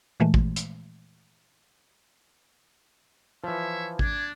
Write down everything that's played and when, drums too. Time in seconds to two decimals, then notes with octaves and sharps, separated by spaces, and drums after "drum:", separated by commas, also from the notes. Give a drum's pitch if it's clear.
0.20 A#2 E3 G#3 A3
0.34 drum: kick A1
0.56 drum: hi-hat
3.44 E3 F3 C#5 E5
3.99 D4 G#6, drum: kick A1